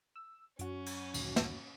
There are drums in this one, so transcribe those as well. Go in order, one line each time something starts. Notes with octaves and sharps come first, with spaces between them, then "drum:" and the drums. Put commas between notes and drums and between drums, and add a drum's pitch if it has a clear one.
E6
F#2 C#4 F#4, drum: hi-hat
drum: cymbal
D2 A#2 D#3, drum: cymbal
drum: snare